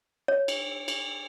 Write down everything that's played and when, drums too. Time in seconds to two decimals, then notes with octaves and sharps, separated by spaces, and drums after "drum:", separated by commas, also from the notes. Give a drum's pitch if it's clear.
0.28 C#5
0.48 drum: cymbal
0.88 drum: cymbal